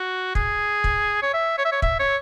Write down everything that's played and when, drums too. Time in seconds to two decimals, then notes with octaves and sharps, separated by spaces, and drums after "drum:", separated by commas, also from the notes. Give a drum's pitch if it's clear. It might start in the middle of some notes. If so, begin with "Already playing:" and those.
Already playing: F#4
0.35 G#4, drum: kick
0.84 drum: kick
1.22 C#5
1.34 E5
1.58 C#5
1.65 E5
1.72 C#5
1.82 E5, drum: kick
1.99 C#5